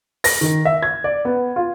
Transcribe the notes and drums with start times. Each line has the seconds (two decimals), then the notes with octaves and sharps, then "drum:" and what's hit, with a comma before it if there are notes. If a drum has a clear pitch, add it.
0.24 A#6, drum: open hi-hat
0.41 D#3
0.65 E5
0.83 G#6
1.04 D5
1.25 B3
1.56 F4